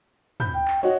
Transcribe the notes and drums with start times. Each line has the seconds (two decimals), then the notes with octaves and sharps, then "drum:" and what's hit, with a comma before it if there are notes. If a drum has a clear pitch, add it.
0.40 B5 G6, drum: tom
0.54 G5
0.68 drum: clap
0.83 F#4 C#5 D#5, drum: cymbal